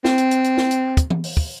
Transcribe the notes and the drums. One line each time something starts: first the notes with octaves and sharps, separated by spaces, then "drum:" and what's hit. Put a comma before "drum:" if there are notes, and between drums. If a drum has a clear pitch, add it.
C4, drum: snare
drum: hi-hat
drum: hi-hat
drum: hi-hat
drum: snare
drum: hi-hat
drum: kick, hi-hat
drum: tom E3
drum: open hi-hat
drum: kick